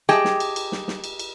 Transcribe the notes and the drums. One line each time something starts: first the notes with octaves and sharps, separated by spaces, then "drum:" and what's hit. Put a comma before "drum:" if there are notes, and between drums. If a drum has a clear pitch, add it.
G4 G#4 D#5 G5 A5, drum: snare
drum: snare
drum: cymbal
drum: cymbal
drum: snare
drum: snare
drum: cymbal
drum: cymbal